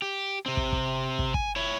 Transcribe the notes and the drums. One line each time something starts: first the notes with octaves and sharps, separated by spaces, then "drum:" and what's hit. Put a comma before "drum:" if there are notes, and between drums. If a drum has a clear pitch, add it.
G4
C3 C4
drum: kick
drum: kick
drum: kick
G#5, drum: kick
E4 C#5